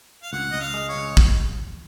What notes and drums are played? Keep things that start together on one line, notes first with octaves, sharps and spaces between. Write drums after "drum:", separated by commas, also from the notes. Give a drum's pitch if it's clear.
F5
C#2 F#5
C#2 D#5
F5
G#3
C#5
C#2
drum: kick